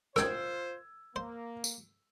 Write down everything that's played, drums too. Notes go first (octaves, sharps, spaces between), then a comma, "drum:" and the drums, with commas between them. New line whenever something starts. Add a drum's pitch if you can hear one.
F4 A#4 C5 G5 E6 G#6, drum: rim click
A#3 C5
drum: tambourine